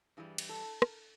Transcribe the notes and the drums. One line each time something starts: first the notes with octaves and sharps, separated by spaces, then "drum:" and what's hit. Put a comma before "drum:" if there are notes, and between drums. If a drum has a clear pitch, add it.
G2 E3 G3 G#4
drum: cymbal
A4
A#4, drum: rim click